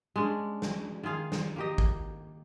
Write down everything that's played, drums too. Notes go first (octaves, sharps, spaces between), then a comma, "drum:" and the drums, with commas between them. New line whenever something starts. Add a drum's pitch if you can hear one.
G#3 C#4 D4
drum: snare
D#3 F4 G#4 F5
drum: snare
A#3 G4 D#5
drum: kick G#1